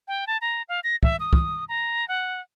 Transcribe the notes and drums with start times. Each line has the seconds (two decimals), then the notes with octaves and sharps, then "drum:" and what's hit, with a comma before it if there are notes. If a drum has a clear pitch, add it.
0.08 G5
0.27 A5
0.41 A#5
0.69 F5
0.84 A#6
1.03 E5, drum: kick
1.20 D#6
1.33 drum: kick
1.69 A#5
2.08 F#5